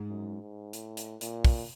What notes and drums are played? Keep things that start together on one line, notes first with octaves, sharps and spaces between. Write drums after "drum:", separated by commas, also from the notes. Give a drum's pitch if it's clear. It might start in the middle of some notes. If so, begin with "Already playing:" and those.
Already playing: G#2
F#2
G#2
A2, drum: hi-hat
drum: hi-hat
A#2, drum: hi-hat
drum: kick, open hi-hat